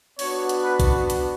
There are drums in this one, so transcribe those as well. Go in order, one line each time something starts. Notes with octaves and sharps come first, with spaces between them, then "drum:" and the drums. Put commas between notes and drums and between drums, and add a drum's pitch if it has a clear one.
B3 D4 F#4 C#5, drum: open hi-hat
drum: hi-hat
B4
drum: kick A#1, hi-hat
drum: hi-hat